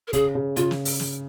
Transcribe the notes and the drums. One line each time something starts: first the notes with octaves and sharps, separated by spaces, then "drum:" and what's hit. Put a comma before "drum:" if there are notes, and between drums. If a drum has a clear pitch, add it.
A#4
C#3 G#4, drum: kick, hi-hat
C#3
C#3 F4, drum: hi-hat
drum: snare
drum: open hi-hat
drum: snare